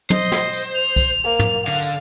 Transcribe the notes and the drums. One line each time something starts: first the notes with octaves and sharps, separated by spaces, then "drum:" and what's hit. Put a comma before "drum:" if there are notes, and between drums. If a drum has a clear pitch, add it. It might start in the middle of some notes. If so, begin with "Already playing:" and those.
C5 D#5, drum: tom
drum: snare
drum: tambourine
F7
drum: kick, tambourine
A#3
drum: tom
D3 F5
drum: tambourine